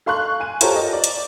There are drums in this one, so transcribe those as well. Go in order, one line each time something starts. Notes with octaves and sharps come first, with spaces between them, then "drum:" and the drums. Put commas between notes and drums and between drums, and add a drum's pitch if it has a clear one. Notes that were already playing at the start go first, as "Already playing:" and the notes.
A4 F5 C6 C#6 F#6
G#5 D#7
F4 G4 A4 A#4 C5 C#5, drum: hi-hat
D#5
D5
drum: hi-hat